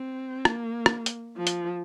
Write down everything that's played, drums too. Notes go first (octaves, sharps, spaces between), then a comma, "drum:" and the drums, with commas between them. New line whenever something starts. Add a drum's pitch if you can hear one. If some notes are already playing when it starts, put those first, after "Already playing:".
Already playing: C4
A#3, drum: rim click
drum: rim click
drum: hi-hat
F3
drum: hi-hat